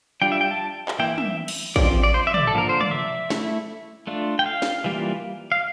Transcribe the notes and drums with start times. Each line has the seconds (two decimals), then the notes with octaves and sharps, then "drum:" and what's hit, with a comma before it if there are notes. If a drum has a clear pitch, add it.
0.22 G3 D4 F4 G5
0.32 E5
0.41 G5
0.51 A5
0.88 drum: clap
0.99 E3 A#3 E4 G5
1.18 E5, drum: tom
1.48 drum: cymbal
1.76 F3 C4 F4 D5, drum: kick A1
2.03 D5
2.14 C5
2.27 E5
2.34 D5, drum: tom
2.47 A4
2.53 D3 F3 A#3 A#4
2.69 C5
2.81 D5, drum: tom
2.91 E5
3.30 A3 E4, drum: snare
4.07 A3 D4 F4
4.39 G5
4.46 F5
4.62 drum: snare
4.84 E3 G3 A#3 F4
5.52 F5